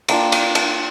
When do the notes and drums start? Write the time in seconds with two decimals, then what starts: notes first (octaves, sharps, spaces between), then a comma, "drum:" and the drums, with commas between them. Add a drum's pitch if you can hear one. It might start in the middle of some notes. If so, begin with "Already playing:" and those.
0.08 A#3 D4 F4 G5, drum: cymbal
0.32 A5, drum: cymbal
0.55 A5, drum: cymbal